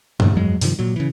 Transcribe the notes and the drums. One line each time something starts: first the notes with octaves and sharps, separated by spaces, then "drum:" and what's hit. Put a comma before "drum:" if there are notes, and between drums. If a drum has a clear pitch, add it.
F#2 A#2 D3, drum: tom G2
F2 F#3 G#3
G2 C3 D#3 F3, drum: open hi-hat
A#2 F#3
C#3 E3